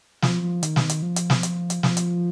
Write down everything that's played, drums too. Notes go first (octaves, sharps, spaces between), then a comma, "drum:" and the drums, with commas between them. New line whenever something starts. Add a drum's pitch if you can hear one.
F3, drum: snare
F3
D#3, drum: hi-hat
drum: snare
drum: hi-hat
F3
drum: hi-hat
drum: snare
drum: hi-hat
drum: hi-hat
F3, drum: snare
drum: hi-hat